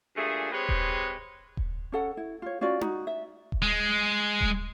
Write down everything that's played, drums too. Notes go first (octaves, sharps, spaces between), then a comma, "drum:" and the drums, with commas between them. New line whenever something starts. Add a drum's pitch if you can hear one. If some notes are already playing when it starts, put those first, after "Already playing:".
G2 A#2 A3 G#4
G#3 C4 G4 G#4 B4 C#5
drum: kick D#1
drum: kick D#1
C#4 A4 F#5
E4
F4 C#5
C#4 F4 F#4 D5
D#4 F#4, drum: tom D#4
E5
drum: kick D#1
G#3
drum: kick D#1